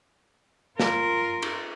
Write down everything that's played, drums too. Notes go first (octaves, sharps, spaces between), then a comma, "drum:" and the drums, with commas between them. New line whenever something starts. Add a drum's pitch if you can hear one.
F4 A#4, drum: snare
drum: cymbal